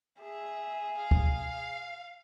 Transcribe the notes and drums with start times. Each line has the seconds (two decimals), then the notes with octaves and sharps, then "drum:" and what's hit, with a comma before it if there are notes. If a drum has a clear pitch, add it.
0.21 G#4 E5
0.98 F5
1.11 drum: kick